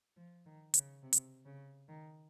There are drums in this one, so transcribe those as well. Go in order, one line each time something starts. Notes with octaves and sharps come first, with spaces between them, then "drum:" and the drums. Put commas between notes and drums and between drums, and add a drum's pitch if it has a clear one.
F3
D#3
C#3, drum: hi-hat
C3
drum: hi-hat
C#3
D#3